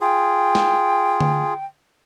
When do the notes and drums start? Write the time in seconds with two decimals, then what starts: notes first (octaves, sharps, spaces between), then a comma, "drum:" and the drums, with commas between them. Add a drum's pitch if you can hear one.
0.01 F4 G#4 G5
0.55 drum: snare
1.21 drum: tom D3